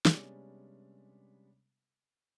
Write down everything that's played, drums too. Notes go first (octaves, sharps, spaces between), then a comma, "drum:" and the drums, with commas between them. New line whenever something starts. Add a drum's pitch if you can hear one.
C3 G3 G#3 B3 C#4 D4, drum: snare